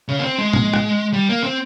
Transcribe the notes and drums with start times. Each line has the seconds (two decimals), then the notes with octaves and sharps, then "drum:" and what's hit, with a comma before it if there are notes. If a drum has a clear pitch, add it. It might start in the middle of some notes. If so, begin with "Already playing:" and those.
0.08 C#3
0.19 A#3
0.23 C4
0.39 G#3
0.53 drum: tom
0.74 drum: rim click
1.13 G3
1.29 A#3
1.44 C4